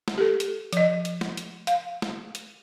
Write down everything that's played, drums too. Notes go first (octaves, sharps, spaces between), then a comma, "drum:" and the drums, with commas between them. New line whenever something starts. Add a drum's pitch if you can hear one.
drum: snare
G4 A4
drum: hi-hat
F3 D#5, drum: hi-hat
drum: hi-hat
drum: snare
drum: hi-hat
F5, drum: hi-hat
drum: snare
drum: hi-hat